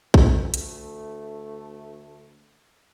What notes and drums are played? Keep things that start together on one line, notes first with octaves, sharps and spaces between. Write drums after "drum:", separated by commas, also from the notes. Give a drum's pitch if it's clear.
D2 A3, drum: kick A#1
drum: hi-hat